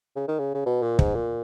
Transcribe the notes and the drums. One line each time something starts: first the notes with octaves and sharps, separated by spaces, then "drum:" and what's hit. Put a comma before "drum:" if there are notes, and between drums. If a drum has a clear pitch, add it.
C#3
D#3
C#3
C#3
B2
A#2
G#2, drum: kick
A#2